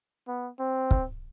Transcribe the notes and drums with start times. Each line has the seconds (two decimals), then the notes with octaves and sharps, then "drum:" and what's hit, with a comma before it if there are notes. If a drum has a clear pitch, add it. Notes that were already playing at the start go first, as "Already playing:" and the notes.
0.28 B3
0.59 C4
0.91 drum: kick